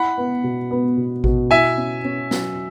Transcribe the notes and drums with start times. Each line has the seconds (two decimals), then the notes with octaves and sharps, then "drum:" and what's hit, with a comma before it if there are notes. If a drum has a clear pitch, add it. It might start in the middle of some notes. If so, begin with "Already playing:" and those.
Already playing: E4 F#5 B5
0.17 B3
0.44 B2
0.71 B3
0.97 B2
1.24 B2, drum: kick A1
1.50 E4 E5 G#5
1.77 C#4
2.05 C#4
2.31 F#3, drum: snare